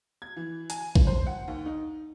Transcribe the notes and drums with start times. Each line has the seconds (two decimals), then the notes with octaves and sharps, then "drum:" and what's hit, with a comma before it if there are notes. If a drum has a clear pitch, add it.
0.22 G#6
0.36 E3
0.70 G#5, drum: hi-hat
0.95 drum: kick A#1
1.07 C5
1.26 F#5
1.48 D#2
1.66 D#4